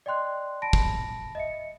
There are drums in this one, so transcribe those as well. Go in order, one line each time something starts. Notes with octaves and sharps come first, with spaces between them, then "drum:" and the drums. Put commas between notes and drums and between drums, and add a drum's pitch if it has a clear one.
D5 D#5 G5 C6 F#6
A5 B5 A#6 D7
drum: kick
D#5 E5 C#7